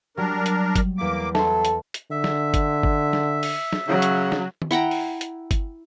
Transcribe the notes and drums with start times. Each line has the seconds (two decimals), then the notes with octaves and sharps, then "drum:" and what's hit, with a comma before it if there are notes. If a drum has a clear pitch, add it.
0.17 F#3 G3 D4 A#4
0.46 drum: hi-hat
0.76 drum: kick G1, hi-hat
0.98 E2 A#3 D6 B6
1.35 F#3 A4 E5 B5 C6, drum: snare
1.65 drum: hi-hat
1.94 drum: hi-hat
2.11 D3 E5
2.24 drum: snare
2.54 drum: kick G1, hi-hat
2.83 drum: kick G1
3.13 drum: snare
3.43 drum: open hi-hat
3.73 drum: snare
3.88 C#3 F#3
4.02 drum: hi-hat
4.32 drum: snare
4.62 drum: tom D#3
4.71 E4 F#5 G5 A#5
4.91 drum: open hi-hat
5.21 drum: hi-hat
5.51 drum: kick G1, hi-hat